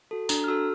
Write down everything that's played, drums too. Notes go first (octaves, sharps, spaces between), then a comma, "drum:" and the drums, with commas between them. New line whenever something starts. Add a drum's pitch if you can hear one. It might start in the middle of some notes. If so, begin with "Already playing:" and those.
F#4 A4
D4 A#5, drum: tambourine
F6
F#4 A4 E6